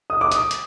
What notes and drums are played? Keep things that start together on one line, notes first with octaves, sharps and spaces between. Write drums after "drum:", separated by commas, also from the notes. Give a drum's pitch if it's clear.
D#6
D6
D#6, drum: hi-hat
drum: hi-hat